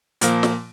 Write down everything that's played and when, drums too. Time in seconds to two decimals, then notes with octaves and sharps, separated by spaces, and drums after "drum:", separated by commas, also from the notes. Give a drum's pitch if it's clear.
0.21 A#2 F3 A#3, drum: hi-hat
0.43 drum: snare